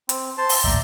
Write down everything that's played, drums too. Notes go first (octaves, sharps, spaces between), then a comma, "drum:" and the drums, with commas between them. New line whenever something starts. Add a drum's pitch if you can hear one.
C4, drum: hi-hat
C5 A5 C6
drum: open hi-hat
A#1 D#2 A2 D5 E5 A#5